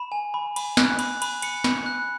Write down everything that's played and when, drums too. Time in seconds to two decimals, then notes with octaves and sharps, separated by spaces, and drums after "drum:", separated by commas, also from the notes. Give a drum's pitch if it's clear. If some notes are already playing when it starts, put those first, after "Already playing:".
Already playing: B5 E7
0.12 G#5
0.34 B5
0.56 B5, drum: cymbal
0.77 F#6, drum: snare
0.99 B5, drum: cymbal
1.22 B5, drum: cymbal
1.42 B5 C#7, drum: cymbal
1.64 B5, drum: snare
1.86 F#6